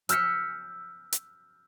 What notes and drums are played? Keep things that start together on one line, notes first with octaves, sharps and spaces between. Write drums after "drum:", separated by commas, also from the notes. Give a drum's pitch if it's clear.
E6 F6 G6 B6 C#7, drum: hi-hat
drum: hi-hat